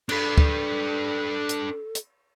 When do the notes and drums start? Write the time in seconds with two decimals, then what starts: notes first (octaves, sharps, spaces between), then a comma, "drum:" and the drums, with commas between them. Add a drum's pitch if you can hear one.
0.09 D4 A4 B4, drum: cymbal
0.38 drum: kick
1.49 drum: hi-hat
1.95 drum: hi-hat